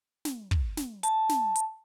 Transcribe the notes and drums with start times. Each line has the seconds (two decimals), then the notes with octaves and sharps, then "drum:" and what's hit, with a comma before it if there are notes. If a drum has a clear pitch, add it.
0.25 drum: snare
0.51 drum: kick
0.77 drum: snare
1.03 A5, drum: hi-hat
1.29 drum: snare
1.55 drum: hi-hat